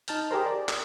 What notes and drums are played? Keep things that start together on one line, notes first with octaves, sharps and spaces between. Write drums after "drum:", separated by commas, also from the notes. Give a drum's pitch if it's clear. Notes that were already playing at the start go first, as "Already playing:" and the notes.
D#4 A5 F6 G6, drum: hi-hat
G4 G#4 A#4 C5
D5
drum: clap